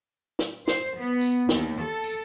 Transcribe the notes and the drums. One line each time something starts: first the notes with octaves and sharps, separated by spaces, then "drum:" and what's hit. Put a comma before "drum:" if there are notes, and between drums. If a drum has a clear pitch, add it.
drum: snare
C5, drum: snare
B3
drum: tambourine
D#2, drum: snare
A4
drum: tambourine